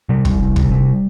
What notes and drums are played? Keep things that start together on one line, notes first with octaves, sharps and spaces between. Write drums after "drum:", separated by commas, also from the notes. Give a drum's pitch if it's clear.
C3 G3
C2, drum: kick
C2
C3, drum: kick
C3